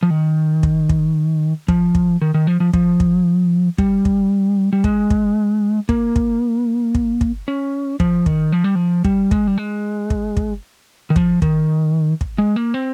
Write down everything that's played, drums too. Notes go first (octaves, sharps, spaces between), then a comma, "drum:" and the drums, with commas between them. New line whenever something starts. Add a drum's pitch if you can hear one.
F3
D#3
drum: kick
drum: kick
F3, drum: kick
drum: kick
D#3
D#3
F3
F3
F3, drum: kick
drum: kick
G3, drum: kick
drum: kick
G3
G#3, drum: kick
drum: kick
A#3, drum: kick
drum: kick
drum: kick
drum: kick
C#4
F3, drum: kick
D#3, drum: kick
F3
G3
F3
G3, drum: kick
G#3, drum: kick
G3
G#3
drum: kick
drum: kick
D#3
F3, drum: kick
D#3, drum: kick
drum: kick
G#3
A#3
C4